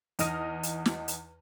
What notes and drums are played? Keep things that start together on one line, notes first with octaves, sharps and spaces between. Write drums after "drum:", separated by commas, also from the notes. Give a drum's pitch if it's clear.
E2 D#4 D#6 F6 A#6 D#7, drum: hi-hat
drum: hi-hat
drum: snare
drum: hi-hat